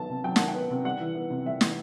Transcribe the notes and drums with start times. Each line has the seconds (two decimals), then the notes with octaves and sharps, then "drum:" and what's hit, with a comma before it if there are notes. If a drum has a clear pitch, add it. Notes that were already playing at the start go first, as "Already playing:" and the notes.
Already playing: D#3 F#3 B3 A5
0.09 C3
0.24 F#3 G5
0.36 D#3 F#5, drum: snare
0.48 G5
0.54 B3
0.70 C3
0.84 G3 F#5
1.00 E3
1.15 B3
1.30 C3
1.46 G3 E5
1.61 E3, drum: snare